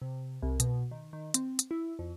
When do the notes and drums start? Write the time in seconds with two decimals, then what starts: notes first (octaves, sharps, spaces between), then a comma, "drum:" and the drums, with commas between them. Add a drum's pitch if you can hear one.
0.01 C3
0.43 C2
0.60 B2, drum: hi-hat
0.91 D#3
1.13 D#3
1.34 C4, drum: hi-hat
1.59 drum: hi-hat
1.71 E4
1.99 F2